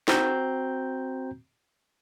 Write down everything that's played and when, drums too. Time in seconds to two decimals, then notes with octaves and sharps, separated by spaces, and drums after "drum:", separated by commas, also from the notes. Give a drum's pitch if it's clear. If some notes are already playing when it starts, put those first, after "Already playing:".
0.08 C4 F#4 A#5 G6, drum: snare